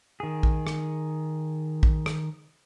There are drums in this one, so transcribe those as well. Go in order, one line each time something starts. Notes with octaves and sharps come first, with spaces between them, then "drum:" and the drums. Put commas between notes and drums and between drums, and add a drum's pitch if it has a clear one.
D#3 G#4
drum: kick
drum: rim click
drum: kick
drum: rim click